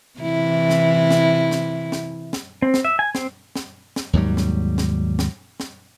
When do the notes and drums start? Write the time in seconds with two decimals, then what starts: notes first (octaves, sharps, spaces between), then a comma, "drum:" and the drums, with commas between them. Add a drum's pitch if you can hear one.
0.20 C3 E3 E4
0.70 drum: snare
1.11 drum: snare
1.51 drum: snare
1.92 drum: snare
2.33 drum: snare
2.62 C4
2.74 drum: snare
2.85 E5
2.99 G#5
3.15 C4, drum: snare
3.56 drum: snare
3.96 drum: snare
4.13 D#2 G#2 F#3 G3
4.37 drum: snare
4.78 drum: snare
5.19 drum: snare
5.60 drum: snare